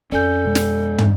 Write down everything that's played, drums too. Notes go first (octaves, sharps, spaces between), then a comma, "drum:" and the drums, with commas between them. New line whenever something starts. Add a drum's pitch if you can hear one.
F2 C#4 A4 D5 G#5 G6
B2 G#3
drum: snare
drum: tom